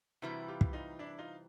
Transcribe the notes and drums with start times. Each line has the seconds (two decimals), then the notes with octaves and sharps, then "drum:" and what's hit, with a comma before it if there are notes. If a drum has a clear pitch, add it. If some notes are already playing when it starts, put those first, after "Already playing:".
0.22 C3 E3 G3 E4 F#4
0.48 F4 G4
0.61 drum: kick
0.73 D#4 F4
0.99 D4 E4
1.18 D#4 F4